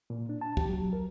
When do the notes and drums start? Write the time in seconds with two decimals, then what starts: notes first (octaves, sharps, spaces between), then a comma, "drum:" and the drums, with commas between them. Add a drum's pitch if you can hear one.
0.10 A#2
0.29 D4
0.41 A5
0.57 G4, drum: kick
0.69 F#3
0.93 A#4